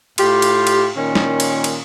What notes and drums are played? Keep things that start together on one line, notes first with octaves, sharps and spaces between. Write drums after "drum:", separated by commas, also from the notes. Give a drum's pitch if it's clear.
A2 F4 G4, drum: cymbal
drum: cymbal
drum: cymbal
A#2 D#3 C#4
drum: snare
drum: cymbal
drum: cymbal